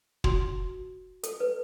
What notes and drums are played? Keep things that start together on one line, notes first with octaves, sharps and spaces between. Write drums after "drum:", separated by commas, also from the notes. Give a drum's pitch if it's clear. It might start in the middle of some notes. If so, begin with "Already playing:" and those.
F#4, drum: kick
A4, drum: hi-hat
B4